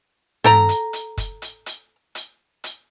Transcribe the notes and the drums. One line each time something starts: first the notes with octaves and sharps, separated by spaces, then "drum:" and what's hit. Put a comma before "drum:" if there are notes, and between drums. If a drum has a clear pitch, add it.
A4 G5 A#5, drum: tom
drum: hi-hat
drum: hi-hat
drum: kick F#1, hi-hat
drum: hi-hat
drum: hi-hat
drum: hi-hat
drum: hi-hat